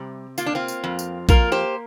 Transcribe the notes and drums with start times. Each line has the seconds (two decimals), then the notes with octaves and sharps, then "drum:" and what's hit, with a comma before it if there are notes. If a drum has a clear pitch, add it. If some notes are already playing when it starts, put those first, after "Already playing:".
Already playing: C3 G3 C4
0.38 A#3 F4, drum: tambourine
0.46 D4
0.55 C4 F4
0.68 drum: tambourine
0.84 F2
0.99 drum: tambourine
1.29 A#3 F4 A#4, drum: kick A#1, tambourine
1.52 G4 C5